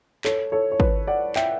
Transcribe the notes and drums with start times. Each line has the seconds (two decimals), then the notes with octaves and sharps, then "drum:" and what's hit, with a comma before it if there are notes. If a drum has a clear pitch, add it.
0.25 A4 C#5, drum: clap
0.52 A4 C#5
0.72 C#5
0.80 B4, drum: kick
1.07 D5 F#5
1.36 E5 G5, drum: clap